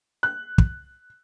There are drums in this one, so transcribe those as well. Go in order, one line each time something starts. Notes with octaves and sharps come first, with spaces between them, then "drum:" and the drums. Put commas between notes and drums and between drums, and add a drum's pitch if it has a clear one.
F#6
drum: kick